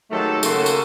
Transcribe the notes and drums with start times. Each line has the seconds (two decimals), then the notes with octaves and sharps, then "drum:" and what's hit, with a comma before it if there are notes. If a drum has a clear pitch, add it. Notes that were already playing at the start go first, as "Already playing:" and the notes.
0.11 D#3 F#3 G#3 A3 G4 A4
0.43 C#3 A#3 F#4 A4 F#5 C6, drum: tambourine
0.66 drum: tambourine